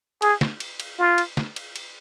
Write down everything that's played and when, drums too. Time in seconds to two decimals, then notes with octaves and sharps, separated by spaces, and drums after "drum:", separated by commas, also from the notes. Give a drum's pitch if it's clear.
0.22 G#4, drum: cymbal
0.41 drum: snare
0.60 drum: cymbal
0.80 drum: cymbal
0.99 F4
1.18 drum: cymbal
1.37 drum: snare
1.56 drum: cymbal
1.76 drum: cymbal